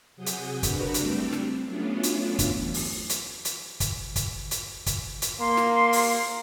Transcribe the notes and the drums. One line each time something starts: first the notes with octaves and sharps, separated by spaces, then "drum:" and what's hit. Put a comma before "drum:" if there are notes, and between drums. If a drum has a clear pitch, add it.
C3 F#3 G#4 F#5 D#6 G6
drum: hi-hat
C#3 D4 F#4 G4 A#4 B4, drum: kick, hi-hat
G3 A3 C4 D4 G4, drum: hi-hat
drum: snare
F#3 A3 B3 C#4 D4 F4
drum: hi-hat
E2, drum: kick, hi-hat
drum: open hi-hat
drum: hi-hat
drum: hi-hat
drum: kick, hi-hat
drum: kick, hi-hat
drum: hi-hat
drum: kick, hi-hat
drum: hi-hat
A#3 C6
drum: snare
drum: open hi-hat